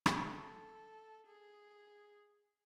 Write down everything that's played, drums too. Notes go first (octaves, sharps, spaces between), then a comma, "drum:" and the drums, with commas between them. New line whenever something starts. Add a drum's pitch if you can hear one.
drum: rim click
A4
G#4